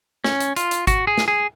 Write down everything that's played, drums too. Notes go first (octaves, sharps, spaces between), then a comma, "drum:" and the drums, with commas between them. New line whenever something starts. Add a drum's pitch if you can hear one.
C#4, drum: snare
drum: hi-hat
F4, drum: hi-hat
drum: hi-hat
F#4, drum: kick, hi-hat
G#4
drum: snare
G#4